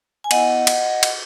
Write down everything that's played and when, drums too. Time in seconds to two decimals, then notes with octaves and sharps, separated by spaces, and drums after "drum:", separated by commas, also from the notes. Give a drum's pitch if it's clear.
0.24 G#5
0.31 B3 E4 D#5 F#5, drum: cymbal
0.67 drum: cymbal
1.03 drum: cymbal